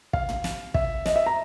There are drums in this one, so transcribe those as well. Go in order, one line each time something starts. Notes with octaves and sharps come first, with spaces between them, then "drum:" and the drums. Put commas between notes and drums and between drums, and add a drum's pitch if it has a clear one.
F5, drum: kick
drum: tom
drum: snare
E5, drum: kick
D#5, drum: snare
E5
A#5